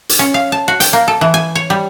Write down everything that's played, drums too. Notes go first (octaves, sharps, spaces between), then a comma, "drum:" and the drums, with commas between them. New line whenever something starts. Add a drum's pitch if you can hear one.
drum: hi-hat
C#4
F5
A5
F#4
G5, drum: hi-hat
A#3
A4
E3
G#5
C#5
G3